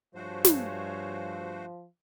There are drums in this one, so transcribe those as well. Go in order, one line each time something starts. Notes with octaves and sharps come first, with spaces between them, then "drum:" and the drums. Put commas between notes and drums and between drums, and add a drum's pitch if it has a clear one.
G2 F3 A3 F#4 C5 C#5 F5 G#5
drum: snare